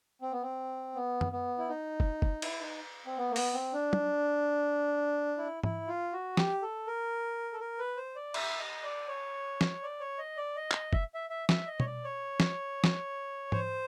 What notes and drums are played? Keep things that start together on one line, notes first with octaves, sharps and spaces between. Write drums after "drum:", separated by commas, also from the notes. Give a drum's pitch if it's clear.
C4
B3
C4
B3
drum: tom F#2
B3
E4
D#4
drum: kick
drum: kick
E4, drum: cymbal
D#4
C4
B3
A#3
B3, drum: open hi-hat
C4
D4
drum: tom
E4
E4, drum: tom G#2
F4
F#4
G4, drum: snare F3
A4
A#4
A4
A#4
B4
C5
D5
E5, drum: cymbal
D#5
D5
C#5
drum: snare F3
D5
C#5
D#5
D5
D#5
drum: clap
E5, drum: kick
E5
E5
E5, drum: snare F3
D#5
C#5, drum: tom
D5
C#5
drum: snare F3
drum: snare F3
C5, drum: tom G#2